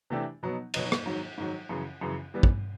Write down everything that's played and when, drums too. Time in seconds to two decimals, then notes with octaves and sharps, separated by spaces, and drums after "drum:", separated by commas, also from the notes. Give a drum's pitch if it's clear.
0.10 C3 E3 A3 D4 G4
0.43 B2 F#3 B3 D#4
0.74 B2 F#3 B3 D#4, drum: cymbal
0.92 drum: rim click
1.06 G#2 D#3 F#3
1.38 G#2 D#3 F#3
1.69 F#2 C#3 E3
2.01 F#2 C#3 E3
2.34 E3 G3 B3
2.43 drum: kick